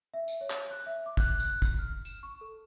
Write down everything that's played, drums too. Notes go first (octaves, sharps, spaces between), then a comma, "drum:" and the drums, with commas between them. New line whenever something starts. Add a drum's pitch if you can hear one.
E5
drum: tambourine
C#5
drum: clap
F#6
E5
D6
F#6, drum: kick, tambourine
F#6, drum: tambourine
drum: kick, tambourine
F6
E7, drum: tambourine
C#6
A4